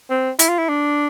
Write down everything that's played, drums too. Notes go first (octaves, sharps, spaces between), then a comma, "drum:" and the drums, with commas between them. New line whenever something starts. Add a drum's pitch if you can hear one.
C4
E4, drum: hi-hat
F4
E4
D4